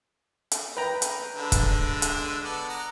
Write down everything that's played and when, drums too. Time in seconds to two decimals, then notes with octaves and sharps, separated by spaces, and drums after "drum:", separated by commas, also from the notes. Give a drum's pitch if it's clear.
0.52 drum: hi-hat
0.77 B4 G5 A#5
1.02 drum: hi-hat
1.36 D3 G#3 D4
1.52 drum: kick, hi-hat
2.02 drum: hi-hat
2.45 B3 A4 D5
2.69 F#5 A#5